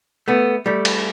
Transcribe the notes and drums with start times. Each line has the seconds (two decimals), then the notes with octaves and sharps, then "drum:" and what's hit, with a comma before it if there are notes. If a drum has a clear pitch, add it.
0.28 A3 B3
0.66 G3 A3
0.85 drum: cymbal